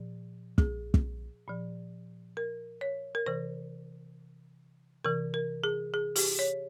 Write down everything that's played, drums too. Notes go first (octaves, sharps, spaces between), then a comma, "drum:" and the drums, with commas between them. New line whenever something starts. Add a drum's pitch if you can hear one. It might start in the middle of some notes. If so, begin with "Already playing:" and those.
Already playing: A#2 F3
G#4, drum: kick
drum: kick
A#2 F3
A#4
C#5
A#4
C3 E3 C5
C3 E3 A#4
A#4
G#4
G#4
G4, drum: open hi-hat
C#5